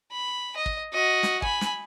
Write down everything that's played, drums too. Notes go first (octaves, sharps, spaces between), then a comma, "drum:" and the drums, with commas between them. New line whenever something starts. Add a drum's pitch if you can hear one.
B5
D#5
drum: kick
F#4 D#5
drum: snare
G#5 B5, drum: kick
drum: snare